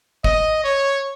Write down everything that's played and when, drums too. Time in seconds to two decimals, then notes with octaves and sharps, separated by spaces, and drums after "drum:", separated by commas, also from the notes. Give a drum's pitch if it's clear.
0.24 D#5, drum: kick
0.64 C#5